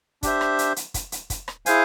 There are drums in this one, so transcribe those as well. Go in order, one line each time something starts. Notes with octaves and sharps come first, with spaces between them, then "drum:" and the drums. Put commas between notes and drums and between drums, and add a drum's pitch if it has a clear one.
D4 G4 C5 E5, drum: kick, hi-hat
drum: rim click
drum: hi-hat
drum: hi-hat
drum: kick, hi-hat
drum: hi-hat
drum: kick, hi-hat
drum: rim click
E4 G#4 C5 F5 G#5, drum: hi-hat